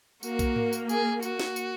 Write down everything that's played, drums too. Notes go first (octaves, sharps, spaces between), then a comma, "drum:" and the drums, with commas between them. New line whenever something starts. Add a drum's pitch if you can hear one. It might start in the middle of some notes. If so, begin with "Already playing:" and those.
A#3 F#4, drum: tambourine
drum: kick B1, tambourine
drum: tom G#2
drum: tambourine
G#4, drum: tambourine
F#4, drum: tambourine
drum: snare
drum: tambourine